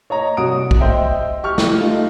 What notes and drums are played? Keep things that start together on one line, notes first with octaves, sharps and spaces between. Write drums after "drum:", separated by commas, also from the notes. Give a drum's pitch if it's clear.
C#5 D#5 A#5
C2 F#4 D#6 D7
drum: kick
C5 D#5 E5 G5
G4 C#6 F6
drum: snare
A3 D#4 F4